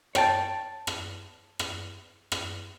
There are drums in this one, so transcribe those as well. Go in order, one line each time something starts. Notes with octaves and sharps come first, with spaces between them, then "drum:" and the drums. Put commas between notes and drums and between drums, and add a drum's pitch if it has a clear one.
C#5 G5 A5, drum: rim click
drum: rim click
drum: rim click
drum: rim click